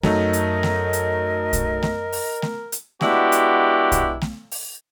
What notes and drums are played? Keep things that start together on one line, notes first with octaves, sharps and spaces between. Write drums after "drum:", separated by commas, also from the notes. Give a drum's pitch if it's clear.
F#2 F#3 A3 D#4 A#4 D#5, drum: snare A3
drum: hi-hat
drum: snare A3
drum: hi-hat
drum: kick, hi-hat
drum: snare A3
drum: open hi-hat
drum: snare A3
drum: hi-hat
G#3 B3 D4 E4 F#4 G4, drum: snare A3
drum: hi-hat
drum: kick, hi-hat
drum: snare A3
drum: open hi-hat